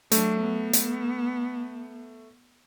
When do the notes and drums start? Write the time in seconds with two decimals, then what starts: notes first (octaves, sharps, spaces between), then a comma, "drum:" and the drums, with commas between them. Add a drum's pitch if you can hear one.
0.12 F#3 A3 D4, drum: hi-hat
0.41 B3
0.73 drum: hi-hat